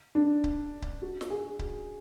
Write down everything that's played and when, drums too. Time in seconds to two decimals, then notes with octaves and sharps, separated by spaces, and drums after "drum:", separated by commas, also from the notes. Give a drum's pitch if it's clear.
0.15 D4
0.44 drum: kick C#1
0.82 drum: kick C#1
1.02 F#4
1.21 drum: snare
1.30 G#4
1.59 drum: kick C#1